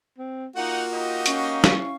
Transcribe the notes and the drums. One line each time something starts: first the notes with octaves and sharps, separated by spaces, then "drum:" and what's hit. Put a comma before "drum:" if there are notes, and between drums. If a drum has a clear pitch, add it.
C4
A#3 D#4 F4 F#4 F#5
D#4 G4 D#5
C#4 F5 C#6, drum: hi-hat
E4, drum: snare